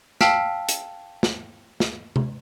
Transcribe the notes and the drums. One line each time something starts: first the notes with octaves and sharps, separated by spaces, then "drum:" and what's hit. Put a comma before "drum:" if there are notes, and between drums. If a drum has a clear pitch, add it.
F5 G5 A5 E6 F6 B6, drum: snare
drum: hi-hat
drum: snare
drum: snare
drum: tom C3